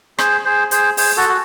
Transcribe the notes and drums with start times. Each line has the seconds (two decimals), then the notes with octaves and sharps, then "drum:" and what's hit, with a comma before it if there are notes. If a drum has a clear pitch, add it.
0.19 G#4 C5, drum: rim click
0.45 G#4 C5
0.71 G#4 C5, drum: hi-hat
0.97 G#4 C5, drum: open hi-hat
1.17 F#4 A4
1.29 F#4